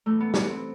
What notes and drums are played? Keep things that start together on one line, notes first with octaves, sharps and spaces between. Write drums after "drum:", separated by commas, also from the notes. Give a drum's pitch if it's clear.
A2 E3 A3
B3
B3, drum: snare
C4